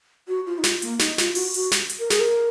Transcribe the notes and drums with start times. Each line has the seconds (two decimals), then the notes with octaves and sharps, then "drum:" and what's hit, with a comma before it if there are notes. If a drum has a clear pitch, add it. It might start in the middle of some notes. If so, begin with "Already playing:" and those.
0.28 F#4
0.46 F4
0.58 D#4
0.64 F4, drum: snare
0.82 A#3, drum: hi-hat
0.99 D#4, drum: snare
1.18 F4, drum: snare
1.35 F#4, drum: open hi-hat
1.54 F#4, drum: hi-hat
1.72 drum: snare
1.90 drum: hi-hat
1.99 A#4
2.10 G#4, drum: snare
2.20 A#4